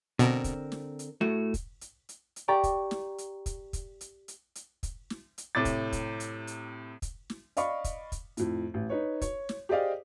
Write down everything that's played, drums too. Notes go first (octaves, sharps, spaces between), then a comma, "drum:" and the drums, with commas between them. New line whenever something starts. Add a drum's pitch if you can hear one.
B2 D3 C4 A#4, drum: hi-hat
drum: kick, hi-hat
drum: snare
drum: hi-hat
A2 A3 F#4
drum: kick, hi-hat
drum: hi-hat
drum: hi-hat
drum: hi-hat
G4 D5 G5 A#5 C#6
drum: kick, hi-hat
drum: snare
drum: hi-hat
drum: kick, hi-hat
drum: kick, hi-hat
drum: hi-hat
drum: hi-hat
drum: hi-hat
drum: kick, hi-hat
drum: snare
drum: hi-hat
A2 C3 D6 A6
drum: kick, hi-hat
drum: kick, hi-hat
drum: hi-hat
drum: hi-hat
drum: kick, hi-hat
drum: snare
D5 D#5 F5 B5 C#6, drum: hi-hat
drum: kick, hi-hat
drum: kick, hi-hat
F2 A2, drum: hi-hat
A1
D#4 B4 C#5
C#5, drum: kick, hi-hat
drum: snare
G4 G#4 C5 D5 D#5 F5